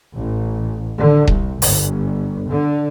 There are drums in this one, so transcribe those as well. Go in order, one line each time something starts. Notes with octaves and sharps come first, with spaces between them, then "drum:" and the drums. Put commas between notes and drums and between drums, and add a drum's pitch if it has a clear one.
A1
D3
C2, drum: kick D#1
G1, drum: open hi-hat
D3